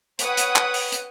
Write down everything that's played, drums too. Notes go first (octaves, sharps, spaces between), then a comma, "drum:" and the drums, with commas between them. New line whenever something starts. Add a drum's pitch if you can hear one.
B4 C#5 F#5 G5 D#6 F#6, drum: hi-hat
drum: hi-hat
drum: clap
drum: open hi-hat
drum: hi-hat